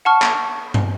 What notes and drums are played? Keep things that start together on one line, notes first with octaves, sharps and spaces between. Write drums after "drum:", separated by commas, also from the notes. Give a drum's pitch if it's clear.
F#5 A5 C#6 F6
drum: clap
drum: tom G2